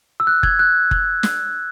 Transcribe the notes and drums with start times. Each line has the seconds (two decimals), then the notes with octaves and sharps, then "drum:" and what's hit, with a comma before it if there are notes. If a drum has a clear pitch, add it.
0.20 E6
0.27 F#6
0.43 G#6, drum: kick F#1
0.59 F#6
0.91 drum: kick F#1
1.23 drum: snare